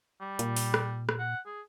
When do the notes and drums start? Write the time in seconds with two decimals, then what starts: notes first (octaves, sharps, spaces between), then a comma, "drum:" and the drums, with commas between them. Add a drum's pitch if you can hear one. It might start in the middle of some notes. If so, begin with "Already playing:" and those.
0.21 G3
0.39 A#2, drum: hi-hat
0.57 drum: open hi-hat
0.74 drum: rim click
1.09 drum: rim click
1.19 F#5
1.46 G#4